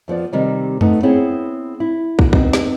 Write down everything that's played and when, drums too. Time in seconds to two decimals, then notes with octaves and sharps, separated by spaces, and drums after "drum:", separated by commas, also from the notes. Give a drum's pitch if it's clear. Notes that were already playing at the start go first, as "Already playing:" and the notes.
0.08 F2 F3 B3 D5
0.33 C3 D#3 G3 C4
0.81 A3 B3 D#4, drum: tom F2
1.03 B3 C4 E4 G#4 C#5
1.80 E4
2.19 drum: kick
2.33 B3 C4 D#4, drum: kick
2.53 drum: snare